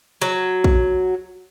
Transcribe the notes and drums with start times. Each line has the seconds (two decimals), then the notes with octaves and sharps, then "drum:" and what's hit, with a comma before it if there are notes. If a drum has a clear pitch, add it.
0.22 F#3
0.64 drum: kick